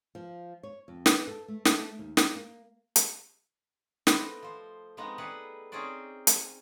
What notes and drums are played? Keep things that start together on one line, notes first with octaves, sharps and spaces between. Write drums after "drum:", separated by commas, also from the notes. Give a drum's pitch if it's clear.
F3
C#5
F2
B4, drum: snare
A4
A3
A3, drum: snare
D#2
A#4, drum: snare
A#3
drum: hi-hat
A3 B3 C5 D#5, drum: snare
F3 C5
F3 G#3 B3 C4 D#4
G3 A3 G#4 B4 F#5
C4 C#4 D#4 G#4 C5 D5
G#5, drum: hi-hat